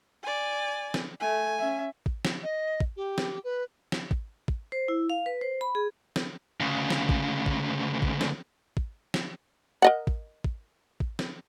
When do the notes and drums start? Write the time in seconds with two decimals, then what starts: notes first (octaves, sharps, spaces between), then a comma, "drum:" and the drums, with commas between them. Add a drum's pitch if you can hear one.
0.23 D5 G#5
0.94 drum: snare
1.20 A3 G#5
1.59 C#4 E5
2.06 drum: kick
2.25 drum: snare
2.43 D#5
2.80 drum: kick
2.96 G4
3.18 drum: snare
3.44 B4
3.92 drum: snare
4.11 drum: kick
4.48 drum: kick
4.72 C5
4.88 E4
5.10 F5
5.26 B4
5.41 C5
5.61 B5
5.75 G#4
6.16 drum: snare
6.60 D2 C#3
6.90 drum: snare
7.09 drum: kick
7.46 drum: kick
8.02 drum: kick
8.21 drum: snare
8.77 drum: kick
9.14 drum: snare
9.82 A#4 D#5 F#5
10.07 drum: kick
10.44 drum: kick
11.00 drum: kick
11.19 drum: snare